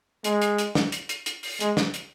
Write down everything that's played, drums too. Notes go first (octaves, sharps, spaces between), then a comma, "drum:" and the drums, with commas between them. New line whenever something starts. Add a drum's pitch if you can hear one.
G#3, drum: hi-hat
drum: hi-hat
drum: hi-hat
drum: snare
drum: hi-hat
drum: hi-hat
drum: hi-hat
drum: open hi-hat
G#3, drum: hi-hat
drum: snare
drum: hi-hat